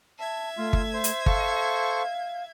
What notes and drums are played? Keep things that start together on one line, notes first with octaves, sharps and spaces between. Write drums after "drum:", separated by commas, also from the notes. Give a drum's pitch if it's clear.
E5 A5 G#6
A3 F4
drum: kick G1
C5
drum: hi-hat
A4 C5 F5 C#6, drum: kick G1